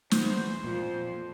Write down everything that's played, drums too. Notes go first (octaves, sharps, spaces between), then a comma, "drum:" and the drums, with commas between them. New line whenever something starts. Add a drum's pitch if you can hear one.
E2 C5, drum: snare
F2 A#2 F4